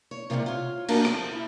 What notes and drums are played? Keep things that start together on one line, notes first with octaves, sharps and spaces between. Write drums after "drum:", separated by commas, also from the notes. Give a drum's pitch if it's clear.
C#5
C3 D#3 G3 G#3 A#3 F#5
F4 C#5
A#3 D4 F#4 A#4 G#5, drum: cymbal
F3, drum: rim click
E4